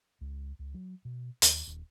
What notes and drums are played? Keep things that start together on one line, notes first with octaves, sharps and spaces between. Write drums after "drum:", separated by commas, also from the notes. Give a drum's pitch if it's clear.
C#2
C#2
F#3
B2
D#2, drum: hi-hat
D#1